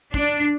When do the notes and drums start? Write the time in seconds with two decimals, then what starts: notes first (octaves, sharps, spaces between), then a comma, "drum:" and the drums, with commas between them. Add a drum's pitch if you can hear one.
0.14 D4, drum: kick